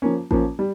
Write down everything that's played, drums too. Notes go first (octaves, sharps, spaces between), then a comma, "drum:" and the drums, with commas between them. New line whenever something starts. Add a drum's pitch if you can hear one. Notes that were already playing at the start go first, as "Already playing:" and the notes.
F3 A#3 C#4
F3 A#3 C#4, drum: kick A1
G3